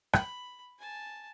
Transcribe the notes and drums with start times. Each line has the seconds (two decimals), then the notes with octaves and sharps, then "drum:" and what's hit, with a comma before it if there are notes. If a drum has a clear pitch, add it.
0.13 B5, drum: rim click
0.79 G#5 A5